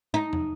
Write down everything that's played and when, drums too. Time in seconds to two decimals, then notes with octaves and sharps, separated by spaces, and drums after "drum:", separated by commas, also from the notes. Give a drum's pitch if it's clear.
0.14 D#4
0.33 drum: tom